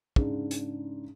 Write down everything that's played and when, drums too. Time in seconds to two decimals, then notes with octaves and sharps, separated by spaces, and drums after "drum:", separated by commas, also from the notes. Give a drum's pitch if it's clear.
0.16 G#2 C#3 D4, drum: kick
0.51 drum: hi-hat